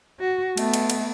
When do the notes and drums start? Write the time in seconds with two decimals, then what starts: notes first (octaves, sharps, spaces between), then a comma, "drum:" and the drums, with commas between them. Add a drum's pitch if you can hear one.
0.20 F#4
0.57 A3 B3, drum: cymbal
0.74 drum: cymbal
0.90 drum: cymbal